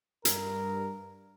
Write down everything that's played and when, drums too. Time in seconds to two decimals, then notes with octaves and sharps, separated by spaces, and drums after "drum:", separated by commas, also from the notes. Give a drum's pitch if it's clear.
0.25 G2 A#4, drum: hi-hat